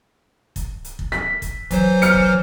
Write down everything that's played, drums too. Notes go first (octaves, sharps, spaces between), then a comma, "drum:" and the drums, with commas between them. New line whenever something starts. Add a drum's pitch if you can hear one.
drum: kick, hi-hat
drum: hi-hat
drum: kick
B6, drum: snare
drum: kick, hi-hat
E3 F#3 C5, drum: kick, hi-hat
F6 C#7, drum: hi-hat
drum: kick